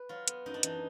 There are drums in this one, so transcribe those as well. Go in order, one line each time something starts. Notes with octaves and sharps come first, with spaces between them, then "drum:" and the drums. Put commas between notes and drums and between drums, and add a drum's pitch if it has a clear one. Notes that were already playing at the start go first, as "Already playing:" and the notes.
Already playing: B4
F#3 F4
B3, drum: hi-hat
F#2 D#4
D4
E3 D#4, drum: hi-hat